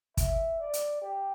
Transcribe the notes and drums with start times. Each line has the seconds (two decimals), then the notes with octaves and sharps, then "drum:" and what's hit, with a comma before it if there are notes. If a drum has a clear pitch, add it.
0.17 E5, drum: kick, hi-hat
0.60 D5
0.73 drum: hi-hat
1.02 G4